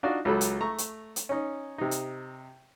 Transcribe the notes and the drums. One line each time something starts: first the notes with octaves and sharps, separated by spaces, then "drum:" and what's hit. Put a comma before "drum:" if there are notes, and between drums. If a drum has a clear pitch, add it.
D4 D#4 F4 F#4 D5
C#2 F#3 A4 B5
drum: hi-hat
A3 A#5 C#6
drum: hi-hat
drum: hi-hat
C#4 D#4
C3 D#4
drum: hi-hat